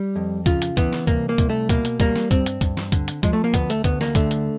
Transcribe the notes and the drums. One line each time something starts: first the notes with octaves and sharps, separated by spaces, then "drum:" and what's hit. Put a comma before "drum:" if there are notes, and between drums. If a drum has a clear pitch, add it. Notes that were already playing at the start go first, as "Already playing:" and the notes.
Already playing: G3
F2
C#3 F4, drum: kick, hi-hat
drum: hi-hat
E3 B3, drum: kick, hi-hat
drum: snare
C2 A#3, drum: kick, hi-hat
A#3
C2, drum: kick, hi-hat
A3
B2 A#3, drum: kick, hi-hat
drum: hi-hat
G3 A#3, drum: kick, hi-hat
drum: snare
G2 C4, drum: kick, hi-hat
drum: hi-hat
G2, drum: kick, hi-hat
drum: snare
D3, drum: kick, hi-hat
drum: hi-hat
F3 G#3, drum: kick, hi-hat
A3
A#3
D2 B3, drum: kick, hi-hat
A3, drum: hi-hat
D2 B3, drum: kick, hi-hat
A#3, drum: snare
D3 A3, drum: kick, hi-hat
drum: hi-hat